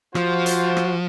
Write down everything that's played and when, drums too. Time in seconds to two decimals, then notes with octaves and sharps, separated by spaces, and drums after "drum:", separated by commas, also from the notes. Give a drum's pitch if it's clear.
0.15 F3 F4 F#4 C5, drum: rim click
0.46 drum: hi-hat
0.77 drum: rim click